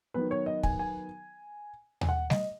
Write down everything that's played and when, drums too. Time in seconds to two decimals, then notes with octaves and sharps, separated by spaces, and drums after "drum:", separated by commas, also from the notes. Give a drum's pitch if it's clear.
0.14 D#3 F#3 B3 B4
0.31 C#5
0.46 D#5
0.63 G#5, drum: kick
0.79 G#5
2.01 G#5, drum: tom D#2
2.09 F#5
2.30 D#5, drum: snare G3